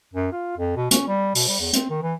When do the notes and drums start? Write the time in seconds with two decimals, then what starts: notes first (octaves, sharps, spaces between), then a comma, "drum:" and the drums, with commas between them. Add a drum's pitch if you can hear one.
0.14 F#2
0.33 F4
0.57 F2
0.76 B2
0.91 C#4, drum: hi-hat
1.08 G3
1.35 B2, drum: open hi-hat
1.48 G3
1.60 E2
1.73 C4, drum: hi-hat
1.90 D#3
2.02 E3